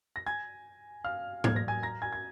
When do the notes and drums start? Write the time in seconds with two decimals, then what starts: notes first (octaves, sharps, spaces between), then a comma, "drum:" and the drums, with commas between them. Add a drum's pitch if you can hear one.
0.16 A#6
0.27 G#5 G#6
1.04 F5 F6
1.44 G#6, drum: tom
1.56 A#6
1.68 G#5 G#6
1.83 A#5 A#6
2.02 G#5 G#6
2.13 G#6